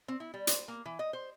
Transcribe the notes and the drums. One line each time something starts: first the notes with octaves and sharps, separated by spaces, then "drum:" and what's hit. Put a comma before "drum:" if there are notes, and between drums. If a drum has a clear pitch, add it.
C4
E4
G3
C5, drum: hi-hat
A#3
E3
D#5
C5